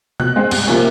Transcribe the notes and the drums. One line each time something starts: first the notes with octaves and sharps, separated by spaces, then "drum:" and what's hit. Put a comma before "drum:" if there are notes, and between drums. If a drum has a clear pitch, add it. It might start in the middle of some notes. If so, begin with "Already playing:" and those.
B2 F#6, drum: tom B2
G#3 C4
C2, drum: cymbal
C3 F3 A#3 C#4